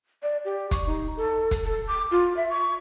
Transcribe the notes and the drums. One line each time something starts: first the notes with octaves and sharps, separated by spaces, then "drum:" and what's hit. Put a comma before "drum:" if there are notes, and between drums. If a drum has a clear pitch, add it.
D5
G4
C#6, drum: kick, hi-hat
D#4
A4
drum: kick, hi-hat
A4
D6
F4
E5
C#6